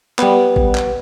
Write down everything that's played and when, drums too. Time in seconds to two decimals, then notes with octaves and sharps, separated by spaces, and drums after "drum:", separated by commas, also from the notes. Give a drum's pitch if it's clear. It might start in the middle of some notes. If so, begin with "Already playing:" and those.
0.19 G3 B3, drum: clap
0.56 drum: kick A1
0.75 drum: clap